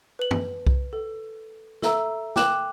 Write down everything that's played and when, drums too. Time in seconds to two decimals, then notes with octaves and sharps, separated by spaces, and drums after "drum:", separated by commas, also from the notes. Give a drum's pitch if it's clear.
0.19 B4 F#7
0.31 drum: tom
0.67 drum: kick C2
0.93 A4
1.82 A4 E5 A#5 E6, drum: snare
2.36 G5 D6 F#6 E7 F#7, drum: snare